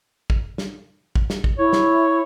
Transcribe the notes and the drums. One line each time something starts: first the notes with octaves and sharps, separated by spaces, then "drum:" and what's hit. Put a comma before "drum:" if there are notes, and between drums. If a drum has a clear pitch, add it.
drum: kick
drum: snare
drum: kick
drum: snare
drum: kick
E4 C#5
drum: snare